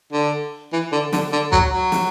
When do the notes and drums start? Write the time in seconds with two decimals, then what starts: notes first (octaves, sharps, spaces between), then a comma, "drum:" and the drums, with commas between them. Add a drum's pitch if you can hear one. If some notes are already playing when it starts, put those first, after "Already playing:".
0.13 D3
0.73 E3
0.92 D3
1.13 D3, drum: snare
1.32 D3
1.52 F#3, drum: kick
1.72 F#3
1.92 drum: snare